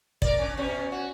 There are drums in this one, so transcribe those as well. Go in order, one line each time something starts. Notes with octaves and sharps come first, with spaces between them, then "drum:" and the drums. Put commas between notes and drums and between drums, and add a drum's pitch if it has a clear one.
A#4 D5, drum: kick
C#4 D4
B2 C#4
F#4